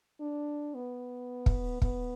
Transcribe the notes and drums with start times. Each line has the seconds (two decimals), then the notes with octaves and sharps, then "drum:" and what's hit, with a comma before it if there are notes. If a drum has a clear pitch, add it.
0.20 D4
0.75 B3
1.46 drum: kick
1.82 B3, drum: kick